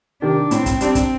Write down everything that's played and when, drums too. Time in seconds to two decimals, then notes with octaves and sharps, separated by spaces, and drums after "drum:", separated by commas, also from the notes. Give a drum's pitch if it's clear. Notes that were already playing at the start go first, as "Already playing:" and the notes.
0.22 C3 D#3 D4
0.51 A2 C4, drum: hi-hat
0.66 drum: kick, hi-hat
0.81 G3 C4 D4, drum: hi-hat
0.95 drum: kick, hi-hat